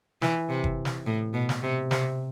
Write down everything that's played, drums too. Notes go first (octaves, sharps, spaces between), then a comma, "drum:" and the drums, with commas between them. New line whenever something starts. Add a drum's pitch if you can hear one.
E3, drum: snare
C3
drum: kick
drum: snare
A2
B2
drum: snare
C3
C3, drum: snare